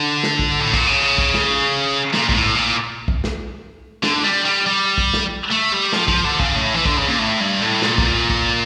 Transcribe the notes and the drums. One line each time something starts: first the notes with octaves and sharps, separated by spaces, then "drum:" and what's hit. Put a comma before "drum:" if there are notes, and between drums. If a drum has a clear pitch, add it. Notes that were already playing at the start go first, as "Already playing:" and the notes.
Already playing: D3
drum: snare
drum: kick
A2
A#2, drum: kick
C#3
drum: kick
drum: snare
A#2, drum: snare
A#2, drum: kick
A2
A#2
drum: kick
drum: snare
D3, drum: snare
G3
G3
G3
drum: kick
drum: snare
A3
G3
F3, drum: snare
F3, drum: kick
D3
C#3, drum: kick
A2
E3
D3, drum: kick
C#3
A#2
A2
G2
A2
A#2, drum: snare
drum: kick
drum: kick